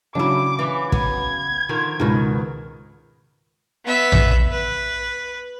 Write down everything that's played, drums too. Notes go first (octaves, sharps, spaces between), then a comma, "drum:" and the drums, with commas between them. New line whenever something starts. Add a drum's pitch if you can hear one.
C#3 F#3 D4 E4 D6
E3
B3 G#6, drum: kick
D3 D#3 F3
C#2 G#2 B2 D#3
B3 E5
drum: tom A#1
B4